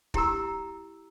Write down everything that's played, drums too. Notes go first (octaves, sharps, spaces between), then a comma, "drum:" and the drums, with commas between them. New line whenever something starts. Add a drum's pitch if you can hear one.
E4 G4 A#5 E6, drum: kick